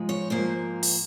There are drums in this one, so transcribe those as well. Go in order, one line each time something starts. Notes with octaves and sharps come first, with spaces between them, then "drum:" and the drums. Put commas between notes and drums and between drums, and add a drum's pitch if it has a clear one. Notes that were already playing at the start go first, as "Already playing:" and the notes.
Already playing: G#2 F3 G#3
C#5
G#2 F3 A#3 C5
drum: open hi-hat